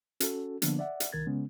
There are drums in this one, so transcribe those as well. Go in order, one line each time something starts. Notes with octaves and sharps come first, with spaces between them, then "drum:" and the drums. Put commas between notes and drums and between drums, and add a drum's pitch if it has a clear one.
C#4 F#4 A4, drum: hi-hat
D3 F3 A#3 B3 D4, drum: hi-hat
D5 E5 F#5
drum: hi-hat
C2 D#3 A#4 G#6 A6
C#3 G#3 B3 C#4